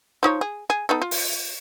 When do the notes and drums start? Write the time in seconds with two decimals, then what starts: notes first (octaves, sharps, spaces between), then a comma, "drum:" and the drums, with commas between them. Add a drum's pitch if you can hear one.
0.23 F3 D#4 C#5
0.41 G#4
0.70 G#4
0.89 B3 D#4 A4
1.02 F4
1.11 drum: open hi-hat